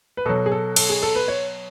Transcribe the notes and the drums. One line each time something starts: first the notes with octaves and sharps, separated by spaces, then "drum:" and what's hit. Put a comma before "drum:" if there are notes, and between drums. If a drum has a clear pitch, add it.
B4
B2 F#3 A4
G#4
A4
A4, drum: cymbal
G#4
A4
B4
C#5